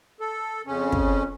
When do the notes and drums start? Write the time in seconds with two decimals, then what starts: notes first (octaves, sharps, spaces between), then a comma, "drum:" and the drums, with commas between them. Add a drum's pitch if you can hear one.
0.20 A4
0.67 F2 C#3 C#4
0.92 drum: kick